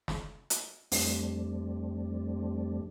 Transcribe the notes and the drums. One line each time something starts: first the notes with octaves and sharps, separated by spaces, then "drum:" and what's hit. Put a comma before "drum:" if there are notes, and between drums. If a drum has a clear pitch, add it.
drum: snare
drum: hi-hat
F2 G3 A3 C4 D4, drum: open hi-hat